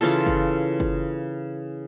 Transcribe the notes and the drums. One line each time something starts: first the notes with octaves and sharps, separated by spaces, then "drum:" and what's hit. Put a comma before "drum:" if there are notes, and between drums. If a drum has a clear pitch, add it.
C#3 E3 F4 A4
drum: kick F#1
drum: kick F#1